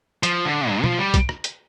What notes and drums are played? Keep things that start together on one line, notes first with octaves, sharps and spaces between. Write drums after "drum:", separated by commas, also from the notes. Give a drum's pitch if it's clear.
F3, drum: hi-hat
D3
G2
F3, drum: tom B2
G3
drum: kick, hi-hat
drum: rim click
drum: hi-hat